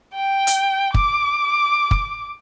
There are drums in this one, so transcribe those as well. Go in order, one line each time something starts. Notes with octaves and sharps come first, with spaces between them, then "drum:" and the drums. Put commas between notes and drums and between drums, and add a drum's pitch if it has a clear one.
G5
drum: hi-hat
D6, drum: kick
drum: kick